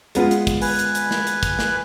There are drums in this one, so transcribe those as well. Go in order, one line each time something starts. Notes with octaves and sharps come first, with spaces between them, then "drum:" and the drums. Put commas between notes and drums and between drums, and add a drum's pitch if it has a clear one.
G#3 B3 F4, drum: hi-hat
drum: hi-hat
drum: kick, hi-hat
B4 G#5, drum: open hi-hat
drum: hi-hat
drum: hi-hat
drum: snare
drum: hi-hat
drum: kick, hi-hat
drum: snare